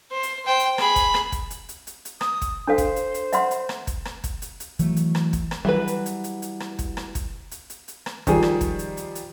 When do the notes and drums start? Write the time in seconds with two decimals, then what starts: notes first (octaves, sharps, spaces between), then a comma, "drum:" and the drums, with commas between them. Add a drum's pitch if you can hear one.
0.11 C5
0.23 drum: hi-hat
0.45 C5 G5
0.59 drum: hi-hat
0.78 G#4 B5, drum: rim click
0.96 drum: kick, hi-hat
1.14 drum: rim click
1.32 drum: kick, hi-hat
1.50 drum: hi-hat
1.69 drum: hi-hat
1.87 drum: hi-hat
2.05 drum: hi-hat
2.21 D#6, drum: rim click
2.42 drum: kick, hi-hat
2.67 D4 A4 C5 F5
2.78 drum: kick, hi-hat
2.96 drum: hi-hat
3.14 drum: hi-hat
3.33 E5 F#5 C6, drum: hi-hat
3.51 drum: hi-hat
3.69 drum: rim click
3.87 drum: kick, hi-hat
4.05 drum: rim click
4.24 drum: kick, hi-hat
4.42 drum: hi-hat
4.60 drum: hi-hat
4.79 E3 F#3 A3, drum: hi-hat
4.96 drum: hi-hat
5.15 drum: rim click
5.33 drum: kick, hi-hat
5.51 drum: rim click
5.65 E3 F#3 G3 B4
5.88 drum: hi-hat
6.06 drum: hi-hat
6.24 drum: hi-hat
6.42 drum: hi-hat
6.60 drum: rim click
6.79 drum: kick, hi-hat
6.97 drum: rim click
7.15 drum: kick, hi-hat
7.51 drum: hi-hat
7.70 drum: hi-hat
7.88 drum: hi-hat
8.06 drum: rim click
8.27 D#3 F3 G3 G#4, drum: kick, hi-hat
8.43 drum: rim click
8.61 drum: kick, hi-hat
8.79 drum: hi-hat
8.97 drum: hi-hat
9.15 drum: hi-hat